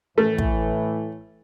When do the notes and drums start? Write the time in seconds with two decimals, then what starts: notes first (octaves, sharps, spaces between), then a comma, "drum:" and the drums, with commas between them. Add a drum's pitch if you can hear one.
0.18 A2 E3 A3
0.38 drum: kick